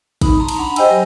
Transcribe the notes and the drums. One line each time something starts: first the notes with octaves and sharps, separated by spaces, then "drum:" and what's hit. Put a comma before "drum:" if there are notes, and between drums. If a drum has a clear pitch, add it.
D#4 B5, drum: kick A1, cymbal
A5 A#5 C6
drum: cymbal
D4 F#5 A#5 B5
G4 C5 D#5 G5 G#5 E6, drum: cymbal
F#3